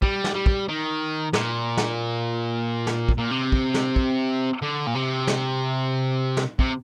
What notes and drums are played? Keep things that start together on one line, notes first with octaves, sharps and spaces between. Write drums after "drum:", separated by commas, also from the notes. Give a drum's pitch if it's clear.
G3, drum: kick
drum: snare
G3
drum: kick
D#3
A#2, drum: snare
drum: snare
drum: snare
drum: kick
A#2
C3
drum: kick
drum: snare
drum: kick
D3
A#2
C3
drum: snare
drum: snare
C3, drum: kick